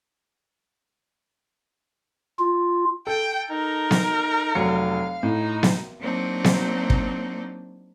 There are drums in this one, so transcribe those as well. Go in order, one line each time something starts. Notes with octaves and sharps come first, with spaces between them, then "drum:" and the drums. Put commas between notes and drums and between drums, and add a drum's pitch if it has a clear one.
F4
A4 G5
D#4 A#4
drum: snare B3
F1 F#3 F5 C#7
A2 D#4
drum: snare B3
F#3 A#3 C4 D4 D#4
drum: snare B3
drum: kick